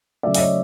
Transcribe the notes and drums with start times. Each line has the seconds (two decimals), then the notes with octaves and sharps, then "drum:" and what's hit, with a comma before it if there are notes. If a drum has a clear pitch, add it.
0.23 C#3 F#3 A3 D5 E5
0.35 E5, drum: open hi-hat
0.40 C#5 D#5